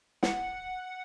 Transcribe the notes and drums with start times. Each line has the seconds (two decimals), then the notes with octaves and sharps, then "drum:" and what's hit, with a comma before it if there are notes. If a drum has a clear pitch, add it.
0.23 F#5, drum: snare